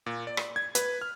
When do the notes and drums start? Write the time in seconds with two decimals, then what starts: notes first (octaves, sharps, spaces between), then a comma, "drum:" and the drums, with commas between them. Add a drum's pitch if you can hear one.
0.06 A#2
0.27 D5
0.37 drum: rim click
0.56 G#6
0.75 B4, drum: hi-hat
1.01 F6